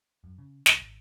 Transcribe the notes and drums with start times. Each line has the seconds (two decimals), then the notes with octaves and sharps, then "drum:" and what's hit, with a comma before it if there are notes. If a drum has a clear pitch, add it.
0.24 F#2
0.38 C#3
0.66 C2, drum: snare
0.80 G#1